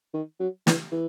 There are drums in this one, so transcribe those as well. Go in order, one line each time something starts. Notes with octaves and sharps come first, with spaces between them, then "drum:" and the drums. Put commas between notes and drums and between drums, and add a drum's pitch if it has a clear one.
D#3
F#3
E3, drum: snare
E3